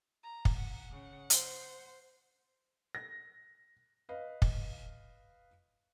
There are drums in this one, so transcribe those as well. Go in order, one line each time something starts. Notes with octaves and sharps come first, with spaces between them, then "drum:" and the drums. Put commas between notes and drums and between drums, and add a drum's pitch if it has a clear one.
A#5
drum: kick
F#5
C#3
C5, drum: hi-hat
A#6
B4 D#5 F5
drum: kick